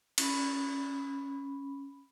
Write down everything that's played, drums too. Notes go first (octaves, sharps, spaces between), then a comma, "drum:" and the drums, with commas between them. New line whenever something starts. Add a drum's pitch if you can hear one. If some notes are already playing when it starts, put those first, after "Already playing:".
C#4 B5, drum: cymbal